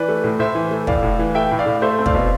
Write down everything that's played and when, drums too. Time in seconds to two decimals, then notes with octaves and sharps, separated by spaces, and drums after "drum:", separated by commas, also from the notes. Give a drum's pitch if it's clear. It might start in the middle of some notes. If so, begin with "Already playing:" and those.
Already playing: E3 B4 D5
0.08 A3
0.24 A2
0.39 A2 C5 E5
0.55 E3
0.71 A3
0.87 A2 D5 F5, drum: kick
1.03 A2
1.19 E3
1.35 A3 E5 G5
1.51 A2
1.59 D5 F5
1.66 A2
1.82 A3 C5 E5
1.99 C4
2.06 D5 F5, drum: kick
2.15 B2